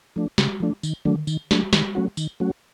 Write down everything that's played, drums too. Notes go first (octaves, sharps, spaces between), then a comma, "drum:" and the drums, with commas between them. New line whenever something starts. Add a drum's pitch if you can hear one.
F3 A3 D4
C#3, drum: snare
F3 A3 D4
D#3, drum: tambourine
F#3 A3 D4, drum: tom D3
D#3, drum: tambourine
F#3 A3 D4, drum: snare
D#3, drum: snare
F#3 A3 C#4 F#4
D#3, drum: tambourine
F#3 A3 C#4 F#4